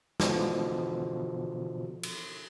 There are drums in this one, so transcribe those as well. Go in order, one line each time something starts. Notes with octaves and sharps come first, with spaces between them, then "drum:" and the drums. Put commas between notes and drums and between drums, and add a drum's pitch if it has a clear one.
B2 D3 E3 F3, drum: snare
drum: cymbal